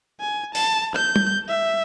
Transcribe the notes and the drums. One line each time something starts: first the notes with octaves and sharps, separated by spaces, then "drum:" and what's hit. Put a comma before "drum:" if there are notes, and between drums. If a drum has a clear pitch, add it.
G#5
A5, drum: open hi-hat
G6, drum: rim click
drum: tom G3
E5